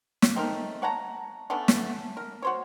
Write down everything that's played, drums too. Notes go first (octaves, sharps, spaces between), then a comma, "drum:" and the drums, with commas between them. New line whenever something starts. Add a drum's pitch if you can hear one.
drum: snare
A3 C4 D#4 A#4
C#5 F#5 A5 A#5
A3 B3 C#4 D4
drum: snare
A#4
F#4 C5 C#5